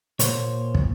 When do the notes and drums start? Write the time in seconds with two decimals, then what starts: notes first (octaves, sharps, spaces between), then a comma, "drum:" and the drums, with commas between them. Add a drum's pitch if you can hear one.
0.19 A#2 A#3 C5 C#5, drum: hi-hat
0.75 drum: kick